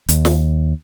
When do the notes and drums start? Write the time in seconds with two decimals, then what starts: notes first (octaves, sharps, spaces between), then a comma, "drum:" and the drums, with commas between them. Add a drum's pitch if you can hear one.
0.09 D#2, drum: hi-hat
0.25 drum: snare